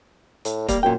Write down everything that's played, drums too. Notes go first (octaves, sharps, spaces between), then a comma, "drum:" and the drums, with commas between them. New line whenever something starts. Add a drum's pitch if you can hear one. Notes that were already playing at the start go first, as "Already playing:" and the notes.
A2, drum: hi-hat
G3 A#3, drum: kick, hi-hat
F#2 A#2 G5